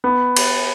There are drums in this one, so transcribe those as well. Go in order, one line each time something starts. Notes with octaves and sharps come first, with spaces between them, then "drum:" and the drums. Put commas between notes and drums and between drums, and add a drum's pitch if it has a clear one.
B3
drum: cymbal